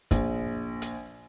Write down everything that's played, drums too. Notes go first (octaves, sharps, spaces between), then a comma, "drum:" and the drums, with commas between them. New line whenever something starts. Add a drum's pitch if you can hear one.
A#1, drum: kick, hi-hat
drum: hi-hat